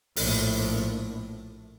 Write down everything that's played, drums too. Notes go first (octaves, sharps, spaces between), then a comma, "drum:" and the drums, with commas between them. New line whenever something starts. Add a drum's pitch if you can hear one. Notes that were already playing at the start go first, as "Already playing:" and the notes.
A#1 A2, drum: open hi-hat